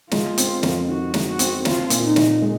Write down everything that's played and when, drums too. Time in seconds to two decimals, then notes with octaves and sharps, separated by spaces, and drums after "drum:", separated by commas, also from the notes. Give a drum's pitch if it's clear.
0.11 G#3 F4, drum: snare
0.38 C4, drum: hi-hat
0.63 F2, drum: snare
0.88 D#3 F#4
1.14 G#3, drum: snare
1.26 F#4
1.39 C4, drum: hi-hat
1.65 C4 F4, drum: snare
1.90 A#2, drum: hi-hat
2.03 D#4
2.16 A#2, drum: snare
2.42 G#3